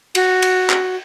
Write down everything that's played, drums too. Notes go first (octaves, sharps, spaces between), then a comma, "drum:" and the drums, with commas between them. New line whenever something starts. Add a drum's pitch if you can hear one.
F#4, drum: cymbal
drum: cymbal
drum: clap